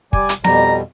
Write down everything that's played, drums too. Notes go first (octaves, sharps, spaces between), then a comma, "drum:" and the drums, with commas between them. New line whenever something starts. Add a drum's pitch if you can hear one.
G3 D5 G#5, drum: kick
drum: hi-hat
F2 B2 G3 A#5, drum: snare B3